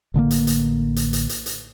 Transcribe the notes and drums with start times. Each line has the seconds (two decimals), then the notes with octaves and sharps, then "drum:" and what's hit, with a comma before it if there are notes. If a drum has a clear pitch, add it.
0.14 A1 D3 D#3 A#3
0.31 drum: hi-hat
0.47 drum: hi-hat
0.96 drum: hi-hat
1.13 drum: hi-hat
1.29 drum: hi-hat
1.46 drum: hi-hat